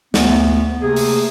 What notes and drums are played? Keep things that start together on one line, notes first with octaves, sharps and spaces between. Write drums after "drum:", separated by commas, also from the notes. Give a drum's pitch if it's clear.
D2 B3, drum: snare
C3 A3 A#3 G#4
drum: open hi-hat